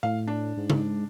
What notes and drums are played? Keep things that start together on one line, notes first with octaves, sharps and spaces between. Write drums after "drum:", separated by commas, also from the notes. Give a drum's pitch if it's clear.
A2 F5
D4
G#2
drum: tom C#3